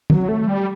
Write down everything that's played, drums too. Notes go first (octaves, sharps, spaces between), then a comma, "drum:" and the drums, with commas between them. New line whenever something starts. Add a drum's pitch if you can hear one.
F#3, drum: tom
A3
G3